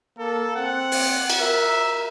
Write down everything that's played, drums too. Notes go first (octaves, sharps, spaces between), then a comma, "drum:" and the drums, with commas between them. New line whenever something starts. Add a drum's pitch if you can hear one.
A#3 A4
C4 F#5
drum: open hi-hat
drum: cymbal
A#4 E5